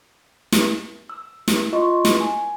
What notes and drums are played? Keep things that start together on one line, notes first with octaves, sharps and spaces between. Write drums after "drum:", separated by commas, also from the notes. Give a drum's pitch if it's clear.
drum: snare
E6
drum: snare
F4 D#5 C6 C#6
drum: snare
G#5